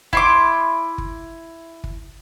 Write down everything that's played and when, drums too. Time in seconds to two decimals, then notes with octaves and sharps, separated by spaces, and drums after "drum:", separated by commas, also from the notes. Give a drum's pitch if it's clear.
0.13 E4 C6 D6, drum: kick G1
0.98 drum: kick G1
1.84 drum: kick G1